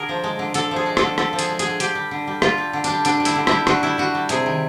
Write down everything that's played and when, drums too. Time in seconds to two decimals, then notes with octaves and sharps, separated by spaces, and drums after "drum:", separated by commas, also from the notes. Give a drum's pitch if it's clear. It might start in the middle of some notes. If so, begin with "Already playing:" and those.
Already playing: D3 G#4 A#4
0.09 F3
0.24 G#3
0.39 D3
0.54 D3 A4, drum: hi-hat
0.71 F3 G#4
0.86 G#3
0.97 A4, drum: rim click
1.03 D3
1.18 D3 A4, drum: rim click
1.33 F3
1.39 G#4, drum: hi-hat
1.49 G#3
1.59 G#4, drum: hi-hat
1.65 D3
1.80 D3 G4, drum: hi-hat
1.95 G3
2.11 D3
2.28 G3
2.42 D3 F4, drum: rim click
2.58 G3
2.73 D3
2.84 D4, drum: hi-hat
2.90 G3
3.05 D3 D4, drum: hi-hat
3.20 G3
3.25 E4, drum: hi-hat
3.36 D3
3.47 G3 E4, drum: rim click
3.67 D3 F#4, drum: rim click
3.83 G3 E4
3.98 D3 F#4
4.15 G3
4.29 C3 G#4, drum: hi-hat
4.46 D#3